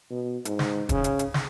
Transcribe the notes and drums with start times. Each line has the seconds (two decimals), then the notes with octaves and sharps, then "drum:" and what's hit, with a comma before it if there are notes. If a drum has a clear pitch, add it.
0.10 B2
0.45 G#2, drum: hi-hat
0.59 drum: snare
0.89 C#3, drum: kick E1, hi-hat
1.04 drum: hi-hat
1.19 drum: hi-hat
1.34 drum: snare